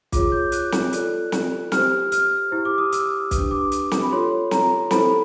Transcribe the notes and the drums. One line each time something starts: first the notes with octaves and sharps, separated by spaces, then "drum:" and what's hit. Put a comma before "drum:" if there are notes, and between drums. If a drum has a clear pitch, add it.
F4 G#4 C#5 D6, drum: kick, hi-hat
G6
F#6, drum: hi-hat
drum: snare
F4 A4 D5 F#6, drum: hi-hat
drum: snare
G4 C5 F6, drum: snare
F6, drum: hi-hat
E4 G4 C5
D6
D#6
E6, drum: hi-hat
D4 G4 B4 D#6, drum: kick, hi-hat
D6
drum: hi-hat
drum: snare
B5
F4 A4 C#5 C6
A#5, drum: snare
E4 A4 C5 B5, drum: snare